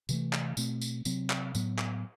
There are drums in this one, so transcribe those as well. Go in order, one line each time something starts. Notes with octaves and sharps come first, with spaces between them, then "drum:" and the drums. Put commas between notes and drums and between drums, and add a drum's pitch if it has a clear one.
C3 E3 A3, drum: tambourine
drum: clap
B2 A3 C4, drum: tambourine
drum: tambourine
C3 F#3 C4, drum: tambourine
drum: clap
A2 F#3 B3, drum: tambourine
drum: clap